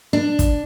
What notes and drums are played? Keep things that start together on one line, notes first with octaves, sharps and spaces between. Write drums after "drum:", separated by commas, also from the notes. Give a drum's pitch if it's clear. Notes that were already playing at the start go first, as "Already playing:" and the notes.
D4
drum: kick, hi-hat